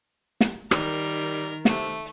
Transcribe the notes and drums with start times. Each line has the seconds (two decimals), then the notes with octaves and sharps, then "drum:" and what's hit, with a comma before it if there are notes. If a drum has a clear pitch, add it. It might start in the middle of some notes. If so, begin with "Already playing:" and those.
0.41 drum: snare
0.71 D#3 G3 A#4, drum: rim click
1.65 C3 A3, drum: snare